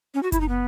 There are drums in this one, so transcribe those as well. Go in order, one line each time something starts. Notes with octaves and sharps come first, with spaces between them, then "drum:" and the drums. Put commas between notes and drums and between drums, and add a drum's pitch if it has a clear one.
C#4
F#4
E4, drum: kick F#1, hi-hat
D#4
B3